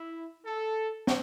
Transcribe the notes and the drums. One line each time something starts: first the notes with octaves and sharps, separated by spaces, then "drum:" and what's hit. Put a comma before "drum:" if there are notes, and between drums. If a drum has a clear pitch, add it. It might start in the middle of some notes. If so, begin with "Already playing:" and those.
Already playing: E4
A4
drum: snare